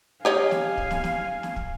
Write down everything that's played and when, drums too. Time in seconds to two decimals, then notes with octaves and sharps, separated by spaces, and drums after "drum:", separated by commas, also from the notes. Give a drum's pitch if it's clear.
0.25 G4 C#5 D#5 F5 G#5
0.51 drum: snare
0.77 drum: kick
0.91 drum: snare
1.04 drum: snare
1.43 drum: snare
1.56 drum: kick